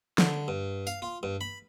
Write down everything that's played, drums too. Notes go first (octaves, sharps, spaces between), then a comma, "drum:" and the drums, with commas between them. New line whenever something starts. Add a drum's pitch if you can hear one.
D3, drum: snare
G2
F5, drum: tambourine
F4
G2
B5